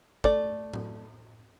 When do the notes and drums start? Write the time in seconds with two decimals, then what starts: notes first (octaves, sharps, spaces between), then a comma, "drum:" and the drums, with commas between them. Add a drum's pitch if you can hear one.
0.24 A3 D5, drum: kick
0.74 drum: tom A2